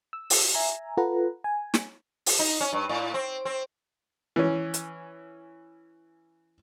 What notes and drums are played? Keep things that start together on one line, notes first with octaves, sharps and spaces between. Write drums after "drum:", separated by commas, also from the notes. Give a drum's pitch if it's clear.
E6
drum: open hi-hat
E5 G#5 A#5
F4 A4 B4 F#5 A#5
G#5
drum: snare
drum: open hi-hat
D#4
C#4
G2
A2
C4
C4
E3 C#4
drum: hi-hat